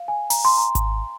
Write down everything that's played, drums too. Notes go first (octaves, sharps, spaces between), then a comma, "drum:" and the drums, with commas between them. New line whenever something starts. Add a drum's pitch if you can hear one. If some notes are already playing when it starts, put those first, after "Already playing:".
Already playing: F5
G#5
A#5, drum: open hi-hat
C6
A#5
drum: kick G#1, hi-hat